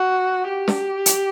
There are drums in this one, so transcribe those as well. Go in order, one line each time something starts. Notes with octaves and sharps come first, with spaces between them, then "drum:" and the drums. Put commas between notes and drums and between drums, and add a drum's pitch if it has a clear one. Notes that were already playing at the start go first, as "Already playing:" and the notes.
Already playing: F#4
G4
drum: snare
drum: hi-hat